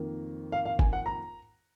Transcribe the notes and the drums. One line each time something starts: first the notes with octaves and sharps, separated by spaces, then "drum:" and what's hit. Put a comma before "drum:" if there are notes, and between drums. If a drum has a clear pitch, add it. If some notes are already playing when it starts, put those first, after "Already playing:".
Already playing: F2 D#3 A#3
F5
F5
G#5, drum: kick
F#5
A#5